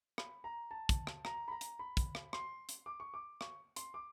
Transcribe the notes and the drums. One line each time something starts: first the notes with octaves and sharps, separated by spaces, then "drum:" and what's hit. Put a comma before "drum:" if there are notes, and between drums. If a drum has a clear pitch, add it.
B5, drum: rim click
A#5
A5
drum: kick, hi-hat
drum: rim click
A#5, drum: rim click
B5
A#5
drum: hi-hat
B5
drum: kick, hi-hat
drum: rim click
C6, drum: rim click
drum: hi-hat
D6
C#6
D6
C#6, drum: rim click
C6, drum: hi-hat
D6